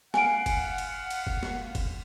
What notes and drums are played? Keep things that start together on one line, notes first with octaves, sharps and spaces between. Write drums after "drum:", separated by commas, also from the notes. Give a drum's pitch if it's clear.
F5 F#5 G#5 D7, drum: snare
drum: kick, cymbal
drum: cymbal
drum: cymbal
drum: kick
drum: snare
drum: kick, cymbal